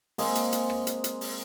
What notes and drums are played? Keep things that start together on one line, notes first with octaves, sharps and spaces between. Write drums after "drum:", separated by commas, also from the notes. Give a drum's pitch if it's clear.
G#3 A#3 C4 G#4, drum: open hi-hat
drum: hi-hat
drum: hi-hat
drum: rim click
drum: hi-hat
drum: hi-hat
drum: open hi-hat